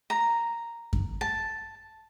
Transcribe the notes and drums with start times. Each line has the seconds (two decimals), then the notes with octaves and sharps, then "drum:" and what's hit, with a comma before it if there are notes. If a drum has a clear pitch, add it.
0.10 A#5
0.93 drum: kick F#2
1.21 A5